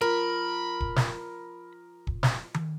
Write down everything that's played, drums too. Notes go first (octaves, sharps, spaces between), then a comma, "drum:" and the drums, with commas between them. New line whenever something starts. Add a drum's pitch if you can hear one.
F3 A#4 B5
drum: kick
drum: snare
drum: kick
drum: snare
drum: tom D#3